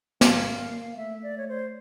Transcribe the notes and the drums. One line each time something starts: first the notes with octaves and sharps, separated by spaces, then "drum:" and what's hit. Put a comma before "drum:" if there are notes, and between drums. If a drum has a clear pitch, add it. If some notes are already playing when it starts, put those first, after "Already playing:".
A#3 F5, drum: snare
F5
A3 E5
D5
C#5
C5